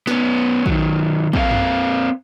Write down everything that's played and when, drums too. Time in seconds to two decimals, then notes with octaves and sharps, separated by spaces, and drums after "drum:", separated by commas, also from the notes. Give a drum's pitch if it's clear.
0.07 B3 C#4, drum: snare
0.66 D#3 F#3, drum: kick
1.33 A#3 C4 F4 F5, drum: kick
1.51 drum: tom